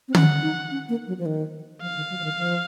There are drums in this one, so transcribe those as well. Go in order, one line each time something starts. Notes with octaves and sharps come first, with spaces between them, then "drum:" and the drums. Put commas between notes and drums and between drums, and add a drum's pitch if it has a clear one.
C4
C#4 F#5, drum: tom
D#4
C#4
A#3
F#3
F3
D#3
F3 F5
D#3
F#3
F3
D#3
F3